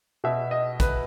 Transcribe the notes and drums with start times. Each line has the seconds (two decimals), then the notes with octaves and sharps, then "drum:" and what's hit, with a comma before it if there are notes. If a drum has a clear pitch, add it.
0.24 B2 E5
0.51 D#5
0.80 B4, drum: kick A#1, hi-hat